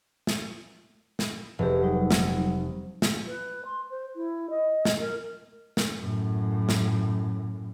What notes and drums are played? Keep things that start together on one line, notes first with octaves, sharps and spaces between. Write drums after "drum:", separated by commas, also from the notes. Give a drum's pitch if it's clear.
drum: snare
drum: snare
F1 G4 G#4 B4
F#3 G3 D#4
drum: snare
drum: snare
B4
C6
C5
E4
D#5
drum: snare
A#4
drum: snare
F#2 A2
drum: snare